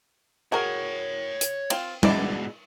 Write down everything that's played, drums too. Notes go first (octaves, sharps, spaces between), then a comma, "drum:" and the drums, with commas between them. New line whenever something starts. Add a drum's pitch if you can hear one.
F#4 G#4 A#4 C#5 G5
drum: hi-hat
C4 F4, drum: cymbal
G#2 B2 G#3 E4 D5, drum: tom